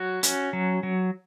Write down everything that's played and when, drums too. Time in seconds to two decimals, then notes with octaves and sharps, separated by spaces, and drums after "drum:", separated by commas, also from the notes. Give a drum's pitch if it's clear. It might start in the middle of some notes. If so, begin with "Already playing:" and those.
Already playing: F#3 F#4
0.23 C#4, drum: hi-hat
0.53 F#3
0.83 F#3